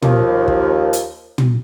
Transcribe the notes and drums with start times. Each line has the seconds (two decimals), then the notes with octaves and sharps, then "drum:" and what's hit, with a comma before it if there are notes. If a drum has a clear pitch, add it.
0.02 D#2 F3, drum: tom
0.48 drum: kick
0.93 drum: hi-hat
1.38 drum: tom